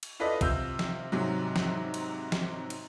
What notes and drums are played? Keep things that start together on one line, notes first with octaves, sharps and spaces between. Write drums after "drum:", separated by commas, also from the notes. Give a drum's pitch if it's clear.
drum: cymbal
E4 F4 A4 B4 D5 D#5
C3 F4 E6 G6, drum: kick B1, cymbal
drum: snare
G#2 C3 F#3
drum: snare
drum: cymbal
drum: snare
drum: cymbal